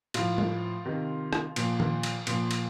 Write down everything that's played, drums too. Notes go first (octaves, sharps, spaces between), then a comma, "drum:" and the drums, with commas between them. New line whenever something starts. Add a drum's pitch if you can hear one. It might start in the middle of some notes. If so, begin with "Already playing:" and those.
A2 F3 F4, drum: cymbal
drum: tom G3
C3 D#3
drum: rim click
A#2 F3, drum: cymbal
drum: tom D#3
drum: cymbal
A#2 F3, drum: cymbal
drum: cymbal